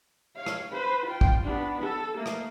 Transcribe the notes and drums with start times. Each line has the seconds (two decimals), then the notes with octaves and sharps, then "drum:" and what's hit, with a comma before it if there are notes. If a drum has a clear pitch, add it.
0.36 C#5 F5
0.46 drum: rim click
0.72 B4 C5
1.06 F4 G5
1.21 drum: kick A1
1.43 B3 D4
1.83 A4
2.16 A3 A#3
2.26 drum: rim click